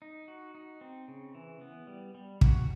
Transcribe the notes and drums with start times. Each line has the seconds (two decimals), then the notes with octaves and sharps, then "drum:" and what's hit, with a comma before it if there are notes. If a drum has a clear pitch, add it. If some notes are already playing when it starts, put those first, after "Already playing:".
0.02 D#4
0.28 F#4
0.55 D#4
0.81 C4
1.08 C#3
1.35 E3
1.61 B3
1.87 G3
2.15 G3
2.41 F#4, drum: kick